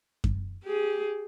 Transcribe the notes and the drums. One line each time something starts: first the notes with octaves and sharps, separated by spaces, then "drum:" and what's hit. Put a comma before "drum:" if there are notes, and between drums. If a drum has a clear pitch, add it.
drum: kick F#2
G4 G#4